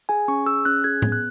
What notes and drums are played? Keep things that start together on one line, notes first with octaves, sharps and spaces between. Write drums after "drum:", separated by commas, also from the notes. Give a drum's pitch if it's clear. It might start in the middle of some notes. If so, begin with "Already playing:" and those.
G#4 G#5
C#4 C#6
G#4 E6
C#4 F#6
G#4 G#6
B3, drum: tom A2
F#6